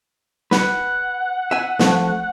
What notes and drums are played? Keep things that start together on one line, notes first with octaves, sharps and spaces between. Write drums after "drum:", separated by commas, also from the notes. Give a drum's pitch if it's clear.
B4 F#5, drum: snare
E5 G#5
F3 A3 C4, drum: snare